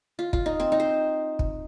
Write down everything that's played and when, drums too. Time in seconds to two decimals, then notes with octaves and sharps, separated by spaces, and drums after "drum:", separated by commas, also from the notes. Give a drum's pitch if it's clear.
0.19 F4
0.33 F4, drum: kick
0.46 D#4
0.60 C4
0.72 D#4
0.80 C5
1.39 drum: kick